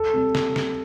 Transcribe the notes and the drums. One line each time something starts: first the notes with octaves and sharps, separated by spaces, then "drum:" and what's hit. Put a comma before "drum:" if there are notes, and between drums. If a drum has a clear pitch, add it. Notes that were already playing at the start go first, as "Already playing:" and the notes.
Already playing: A4
C3 G3
drum: snare
drum: snare